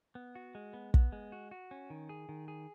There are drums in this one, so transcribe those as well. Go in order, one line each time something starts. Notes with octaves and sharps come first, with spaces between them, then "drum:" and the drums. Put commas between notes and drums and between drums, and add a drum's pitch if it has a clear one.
B3
F#4
G#3
B3
B3, drum: kick
G#3
F#4
F#4
C#4
D#3
G#4
D#3
G#4